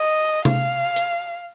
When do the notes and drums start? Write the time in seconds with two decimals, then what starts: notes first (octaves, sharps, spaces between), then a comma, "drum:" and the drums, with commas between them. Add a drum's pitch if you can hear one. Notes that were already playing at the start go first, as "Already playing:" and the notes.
Already playing: D#5
0.45 F5, drum: tom C3
0.96 drum: hi-hat